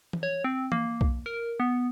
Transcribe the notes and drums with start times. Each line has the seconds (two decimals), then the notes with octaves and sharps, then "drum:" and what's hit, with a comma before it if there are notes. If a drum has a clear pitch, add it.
0.13 drum: tom E3
0.23 C#5
0.44 C4
0.72 A#3, drum: tom E3
1.01 drum: kick B1
1.26 A#4
1.60 B3